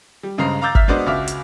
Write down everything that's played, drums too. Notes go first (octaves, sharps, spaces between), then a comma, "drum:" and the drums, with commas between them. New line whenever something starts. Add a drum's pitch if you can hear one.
G3
G2 C#3 G#3 C5 A#5 C7
F5 A#5 D6 E6 G6 A6
E5 F6 B6, drum: kick G1
G#3 B3 D4 F#4 C5 D5
C#2 F#4 E5 D6 F6
drum: hi-hat